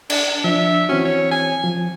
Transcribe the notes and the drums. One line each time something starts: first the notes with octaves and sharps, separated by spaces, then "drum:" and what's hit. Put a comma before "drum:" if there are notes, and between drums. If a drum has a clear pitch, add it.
D4, drum: cymbal
F3 D4 E5
E3 C4 C#4 F#4
C#5
G#5
F3